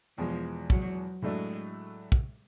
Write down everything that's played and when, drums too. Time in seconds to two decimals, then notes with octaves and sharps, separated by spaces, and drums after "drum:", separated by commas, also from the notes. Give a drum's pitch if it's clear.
0.18 E2 B2 F3 G#3
0.70 F#3, drum: kick
1.22 A2 F#3 G#3 A3 D4
2.12 drum: kick